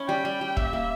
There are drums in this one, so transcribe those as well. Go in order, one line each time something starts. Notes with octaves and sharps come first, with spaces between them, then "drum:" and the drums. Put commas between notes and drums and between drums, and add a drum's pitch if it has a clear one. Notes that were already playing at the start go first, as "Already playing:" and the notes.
Already playing: C#4 E4
G3 G5
G3
G3
A#3 E5, drum: kick
A#3